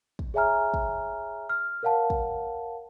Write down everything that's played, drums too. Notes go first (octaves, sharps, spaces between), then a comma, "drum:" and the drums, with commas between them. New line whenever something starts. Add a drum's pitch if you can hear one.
drum: kick
G#4 C#5 E5 G#5 A#5 F6
drum: kick
F6
A#4 C#5 F5 F#5 A5
drum: kick